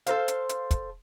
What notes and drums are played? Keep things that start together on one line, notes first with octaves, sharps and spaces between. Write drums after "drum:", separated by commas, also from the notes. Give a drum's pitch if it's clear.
A4 A#4 C5 F5, drum: hi-hat
drum: hi-hat
drum: hi-hat
drum: kick, hi-hat